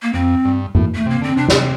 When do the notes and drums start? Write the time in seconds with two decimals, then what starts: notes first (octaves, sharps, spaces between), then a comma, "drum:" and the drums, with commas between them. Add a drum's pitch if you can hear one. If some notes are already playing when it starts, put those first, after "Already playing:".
0.02 A#3
0.13 F2 C4
0.45 G2
0.75 A2, drum: tom G2
0.95 A3
1.06 C3 A#3
1.22 D3 C4
1.37 C3 D4
1.49 drum: snare